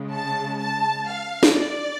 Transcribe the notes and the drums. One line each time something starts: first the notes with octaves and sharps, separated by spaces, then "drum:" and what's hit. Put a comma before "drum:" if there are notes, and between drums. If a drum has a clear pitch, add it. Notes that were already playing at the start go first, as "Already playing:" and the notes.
Already playing: C#3 G#3
A5
A5
F5
drum: snare
D5